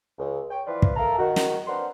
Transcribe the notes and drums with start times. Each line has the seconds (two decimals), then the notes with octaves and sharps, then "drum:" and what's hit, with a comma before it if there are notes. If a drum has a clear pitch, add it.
0.18 C#2
0.50 C#5 G5
0.66 E3 F3 F4 B4 D5
0.82 drum: kick
0.96 A4 A#4 E5 F5 A5 A#5
1.18 D#3 F#4
1.36 drum: snare
1.67 C4 D4 A#4 B4 F#5 C6